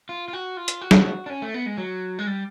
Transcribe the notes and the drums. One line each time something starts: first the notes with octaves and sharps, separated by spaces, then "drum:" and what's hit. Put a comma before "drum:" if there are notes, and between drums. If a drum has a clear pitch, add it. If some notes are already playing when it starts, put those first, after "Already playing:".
F4
F4
F#4
F4
drum: hi-hat
F#4
drum: snare
D4
C#4
A3
B3
G#3
F#3
G#3
G3